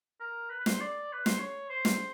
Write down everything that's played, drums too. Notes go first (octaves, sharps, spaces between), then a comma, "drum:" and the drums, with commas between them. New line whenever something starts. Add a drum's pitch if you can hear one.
A#4
B4
B4
C5, drum: snare
D5
B4
C5, drum: snare
C#5
C5
drum: snare